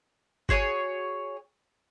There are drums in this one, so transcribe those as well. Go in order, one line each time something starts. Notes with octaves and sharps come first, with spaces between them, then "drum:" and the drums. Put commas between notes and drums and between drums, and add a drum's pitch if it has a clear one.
F#4 G#4 C#5 G#5, drum: kick G1